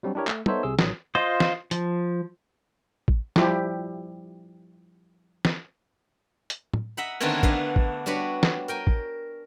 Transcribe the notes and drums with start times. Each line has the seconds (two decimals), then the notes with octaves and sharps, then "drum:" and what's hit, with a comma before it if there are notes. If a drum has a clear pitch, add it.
0.03 F#3 G3 C4 D4 F#4
0.15 D4 E4 G4 A#4 C#5
0.27 A3, drum: clap
0.46 B3 D#4 A4 C5 C#5 E5, drum: tom
0.63 C2 C3 G#4 E6
0.79 A1 D#3 F#3 D#6, drum: snare
1.15 F4 C5 D#5
1.40 drum: snare
1.71 F3, drum: hi-hat
3.08 drum: kick A1
3.36 F3 G3 E4 G4, drum: snare
5.45 drum: snare
6.50 drum: hi-hat
6.73 drum: tom
6.97 D#5 E5 F#5 A#5 B5
7.21 D3 D#3 A3 B3 C4 A#4, drum: cymbal
7.43 D4 B4 F5, drum: kick A1
7.76 drum: kick A1
8.06 G3 D4 F#4 B4 C#5
8.43 drum: snare
8.68 A#4 G5 G#5
8.87 drum: kick A1